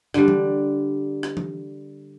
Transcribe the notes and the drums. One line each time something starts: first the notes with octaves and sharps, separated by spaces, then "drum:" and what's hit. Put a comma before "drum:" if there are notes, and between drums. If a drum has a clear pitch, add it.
D3 G3, drum: rim click
drum: tom E3
drum: rim click
drum: tom E3